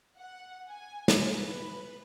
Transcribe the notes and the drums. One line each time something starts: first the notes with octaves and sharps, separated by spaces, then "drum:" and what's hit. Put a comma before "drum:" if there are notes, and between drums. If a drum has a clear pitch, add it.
F#5
G#5
drum: snare
B4